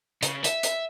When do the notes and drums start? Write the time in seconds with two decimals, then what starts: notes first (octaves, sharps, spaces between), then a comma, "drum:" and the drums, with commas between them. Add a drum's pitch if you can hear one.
0.23 C#3, drum: hi-hat
0.44 E5, drum: hi-hat
0.63 drum: hi-hat